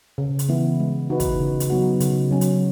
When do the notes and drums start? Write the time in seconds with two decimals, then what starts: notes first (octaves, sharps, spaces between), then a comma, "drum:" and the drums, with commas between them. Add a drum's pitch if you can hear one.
0.18 C#3
0.39 drum: hi-hat
0.49 E3 B3 E4
0.80 G#3
1.10 D#4 F#4 B4
1.20 drum: kick, hi-hat
1.40 C#3
1.60 drum: hi-hat
1.70 F#3 B3 D#4 F#4
2.00 C#3, drum: hi-hat
2.31 F#3 C#4
2.41 drum: hi-hat